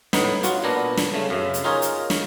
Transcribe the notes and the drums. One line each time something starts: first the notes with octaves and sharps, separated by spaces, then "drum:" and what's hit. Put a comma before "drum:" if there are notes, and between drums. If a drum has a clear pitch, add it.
A2 B3 D#4, drum: snare
F#3 F4 F#4, drum: hi-hat
A#2 B3 D4 A#5
drum: snare
C#3 A3
F#2 C#3
drum: hi-hat
D#4 F4 G#4 A#4 C#5
drum: hi-hat
drum: snare